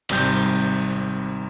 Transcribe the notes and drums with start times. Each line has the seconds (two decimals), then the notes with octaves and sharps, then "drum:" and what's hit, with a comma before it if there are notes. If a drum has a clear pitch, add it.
0.09 G#1 C3 G3 G6, drum: cymbal